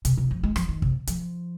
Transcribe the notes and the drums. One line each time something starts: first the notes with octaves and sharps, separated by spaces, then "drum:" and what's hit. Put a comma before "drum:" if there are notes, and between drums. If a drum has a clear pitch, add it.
C3, drum: hi-hat
C3
F3
G#3
F3, drum: rim click
D#3
C3, drum: kick
F3, drum: hi-hat